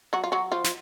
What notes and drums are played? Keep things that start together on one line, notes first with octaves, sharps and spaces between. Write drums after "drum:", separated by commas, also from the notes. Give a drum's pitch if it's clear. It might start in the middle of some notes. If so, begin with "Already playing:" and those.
F#3 F#4
F4
F#3 F#4
F3 F4
drum: snare